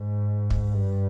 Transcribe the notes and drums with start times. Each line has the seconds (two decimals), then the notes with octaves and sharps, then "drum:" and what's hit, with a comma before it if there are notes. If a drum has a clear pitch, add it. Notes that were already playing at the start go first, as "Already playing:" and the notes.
Already playing: G#2
0.50 drum: kick
0.73 G2